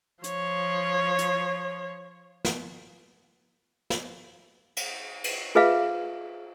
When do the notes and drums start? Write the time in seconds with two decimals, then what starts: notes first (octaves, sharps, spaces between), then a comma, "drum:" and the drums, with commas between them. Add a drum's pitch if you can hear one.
0.24 F3 C#5, drum: hi-hat
1.19 drum: hi-hat
2.45 drum: snare
3.90 drum: snare
4.77 drum: cymbal
5.24 drum: cymbal
5.55 F4 G#4 B4 E5 F5